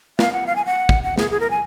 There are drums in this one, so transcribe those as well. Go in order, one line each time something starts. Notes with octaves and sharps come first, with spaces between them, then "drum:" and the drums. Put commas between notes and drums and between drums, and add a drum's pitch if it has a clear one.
F5, drum: snare
F#5
F5
G#5
F#5
drum: kick
F#5
G#4, drum: snare
G#4
A#4
G#5